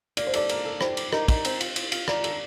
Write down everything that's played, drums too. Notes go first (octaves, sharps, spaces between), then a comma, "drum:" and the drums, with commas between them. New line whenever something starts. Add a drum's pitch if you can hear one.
A#3 D5, drum: cymbal
C5
A4 D5, drum: cymbal
A#3, drum: cymbal
A4
G4 C5, drum: rim click
G3, drum: cymbal
D#4 A#4, drum: rim click
D#4, drum: kick, cymbal
C4 C5, drum: cymbal
F4, drum: cymbal
F4, drum: cymbal
F4, drum: cymbal
D#3 D5, drum: rim click
A4, drum: cymbal